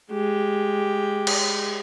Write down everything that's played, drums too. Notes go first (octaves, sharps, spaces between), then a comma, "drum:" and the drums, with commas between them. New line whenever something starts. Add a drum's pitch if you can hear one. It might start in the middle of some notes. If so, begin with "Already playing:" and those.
G#3 G4
drum: cymbal